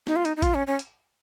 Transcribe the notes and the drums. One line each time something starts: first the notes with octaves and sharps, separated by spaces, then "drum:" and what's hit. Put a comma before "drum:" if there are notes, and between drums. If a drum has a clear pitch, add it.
D#4, drum: snare
F4
D#4, drum: hi-hat
D#4
F4, drum: kick A1, hi-hat
C#4
C#4
drum: hi-hat